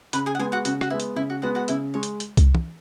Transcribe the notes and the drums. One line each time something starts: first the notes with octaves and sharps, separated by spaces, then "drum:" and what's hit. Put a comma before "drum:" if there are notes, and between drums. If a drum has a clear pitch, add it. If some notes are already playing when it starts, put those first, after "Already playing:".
C#3 B4 B5, drum: hi-hat
G#4 G#5
F#5
G#3 B3 G#4 G#5
F#4 F#5
C#3 F#4, drum: hi-hat
F#4, drum: rim click
G#3 B3 E4
drum: hi-hat
C#3 E4
F#4
G#3 B3 F#4 F#5
F#4 F#5
C#3 E4 E5, drum: hi-hat
G#3 C#5
drum: hi-hat
drum: hi-hat
drum: kick C2, hi-hat
drum: tom